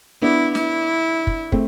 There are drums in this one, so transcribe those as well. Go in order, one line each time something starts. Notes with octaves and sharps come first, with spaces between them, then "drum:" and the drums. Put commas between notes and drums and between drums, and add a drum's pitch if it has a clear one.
B3 D4 E4
E4, drum: snare
drum: kick
A3 C4, drum: kick